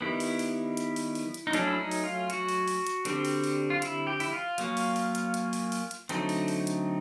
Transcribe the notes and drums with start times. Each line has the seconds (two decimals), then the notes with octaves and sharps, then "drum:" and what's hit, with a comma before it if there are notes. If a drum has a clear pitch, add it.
0.01 D#3 G3 B3 E4
0.20 drum: open hi-hat
0.39 drum: open hi-hat
0.77 drum: hi-hat
0.96 drum: open hi-hat
1.15 drum: open hi-hat
1.34 drum: hi-hat
1.47 D#4
1.53 F#3 A3 C#4 D4, drum: hi-hat
1.67 E4
1.79 D#4
1.91 drum: open hi-hat
2.04 F4
2.30 F#4, drum: hi-hat
2.49 drum: open hi-hat
2.68 drum: open hi-hat
2.87 drum: hi-hat
3.05 D3 G3 C4, drum: hi-hat
3.25 drum: open hi-hat
3.44 drum: open hi-hat
3.70 F4
3.82 E4, drum: hi-hat
4.07 G4
4.20 E4, drum: open hi-hat
4.33 F4
4.58 F#3 A#3 C#4, drum: hi-hat
4.77 drum: open hi-hat
4.96 drum: open hi-hat
5.15 drum: hi-hat
5.34 drum: hi-hat
5.53 drum: open hi-hat
5.72 drum: open hi-hat
5.91 drum: hi-hat
6.09 D3 F#3 A3 C4 D#4, drum: hi-hat
6.29 drum: open hi-hat
6.48 drum: open hi-hat
6.67 drum: hi-hat